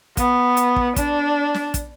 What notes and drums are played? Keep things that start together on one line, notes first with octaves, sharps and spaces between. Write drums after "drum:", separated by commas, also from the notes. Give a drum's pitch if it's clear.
B3, drum: kick, hi-hat
drum: hi-hat
drum: kick
D4, drum: kick, hi-hat
drum: snare
drum: kick, hi-hat